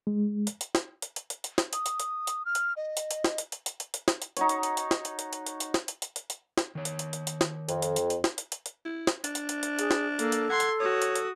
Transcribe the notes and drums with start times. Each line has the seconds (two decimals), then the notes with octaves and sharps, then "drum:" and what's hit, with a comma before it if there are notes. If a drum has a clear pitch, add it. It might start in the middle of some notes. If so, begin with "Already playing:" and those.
0.07 G#3
0.47 drum: hi-hat
0.61 drum: hi-hat
0.75 drum: snare
1.02 drum: hi-hat
1.16 drum: hi-hat
1.30 drum: hi-hat
1.44 drum: hi-hat
1.58 drum: snare
1.73 D#6, drum: hi-hat
1.86 drum: hi-hat
2.00 drum: hi-hat
2.27 drum: hi-hat
2.45 F6
2.55 drum: hi-hat
2.76 D#5
2.97 drum: hi-hat
3.11 drum: hi-hat
3.24 drum: snare
3.38 drum: hi-hat
3.52 drum: hi-hat
3.66 drum: hi-hat
3.80 drum: hi-hat
3.94 drum: hi-hat
4.08 drum: snare
4.22 drum: hi-hat
4.37 D#4 F#4 C#5, drum: hi-hat
4.49 drum: hi-hat
4.63 drum: hi-hat
4.77 drum: hi-hat
4.91 drum: snare
5.05 drum: hi-hat
5.19 drum: hi-hat
5.33 drum: hi-hat
5.46 drum: hi-hat
5.60 drum: hi-hat
5.74 drum: snare
5.88 drum: hi-hat
6.02 drum: hi-hat
6.16 drum: hi-hat
6.30 drum: hi-hat
6.58 drum: snare
6.75 D#3 C#5
6.85 drum: hi-hat
6.99 drum: hi-hat
7.13 drum: hi-hat
7.27 drum: hi-hat
7.41 drum: snare
7.69 F2, drum: hi-hat
7.82 drum: hi-hat
7.96 drum: hi-hat
8.10 drum: hi-hat
8.24 drum: snare
8.38 drum: hi-hat
8.52 drum: hi-hat
8.66 drum: hi-hat
8.85 E4
9.07 drum: snare
9.24 D4, drum: hi-hat
9.35 drum: hi-hat
9.49 drum: hi-hat
9.63 drum: hi-hat
9.79 G#4, drum: hi-hat
9.91 drum: snare
10.19 A#3 A4, drum: hi-hat
10.32 drum: hi-hat
10.50 F#5 C6 G#6
10.60 drum: hi-hat
10.80 F#4 C#5 D#6
11.02 drum: hi-hat
11.15 drum: hi-hat